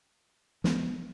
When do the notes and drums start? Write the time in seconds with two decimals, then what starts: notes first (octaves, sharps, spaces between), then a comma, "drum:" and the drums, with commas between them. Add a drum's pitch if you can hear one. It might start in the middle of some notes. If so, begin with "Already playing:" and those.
0.64 F3 G#3 B3, drum: snare